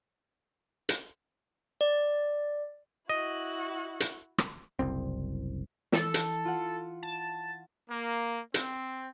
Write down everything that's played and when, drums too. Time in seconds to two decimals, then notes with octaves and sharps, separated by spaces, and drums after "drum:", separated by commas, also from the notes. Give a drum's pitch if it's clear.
0.89 drum: hi-hat
1.81 D5
3.10 E4 F#4 D#5
4.00 drum: hi-hat
4.38 drum: rim click
4.79 F#1 C2 C4
5.92 E3 A4, drum: snare
6.14 drum: hi-hat
6.45 F4 F#5
7.03 A5
7.89 A#3
8.54 C4, drum: hi-hat